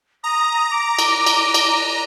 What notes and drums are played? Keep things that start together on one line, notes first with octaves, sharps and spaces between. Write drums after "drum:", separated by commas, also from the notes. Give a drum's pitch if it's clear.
A#5 D#6
D6
drum: cymbal
drum: cymbal
drum: cymbal